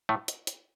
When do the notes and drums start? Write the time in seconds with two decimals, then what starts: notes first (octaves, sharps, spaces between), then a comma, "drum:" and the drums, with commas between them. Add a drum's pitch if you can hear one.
0.09 A2 A3
0.28 drum: hi-hat
0.47 drum: hi-hat